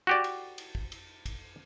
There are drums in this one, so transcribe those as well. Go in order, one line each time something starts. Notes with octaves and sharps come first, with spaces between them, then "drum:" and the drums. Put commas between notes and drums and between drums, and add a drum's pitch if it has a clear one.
F#4 G4 D5
drum: cymbal
drum: cymbal
drum: kick
drum: cymbal
drum: kick, cymbal